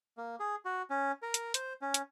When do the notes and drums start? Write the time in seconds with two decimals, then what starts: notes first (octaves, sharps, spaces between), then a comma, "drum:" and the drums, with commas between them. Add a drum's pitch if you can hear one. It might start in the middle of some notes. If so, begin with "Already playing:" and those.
0.17 A#3
0.40 G#4
0.65 F#4
0.90 C#4
1.22 A#4
1.34 drum: hi-hat
1.54 C5, drum: hi-hat
1.82 C#4
1.94 drum: hi-hat